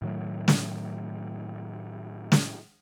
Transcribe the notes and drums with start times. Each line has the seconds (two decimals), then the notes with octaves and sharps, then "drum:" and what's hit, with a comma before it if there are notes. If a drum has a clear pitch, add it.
0.02 A2 D#3 F#3 A3
0.48 drum: snare
2.32 drum: snare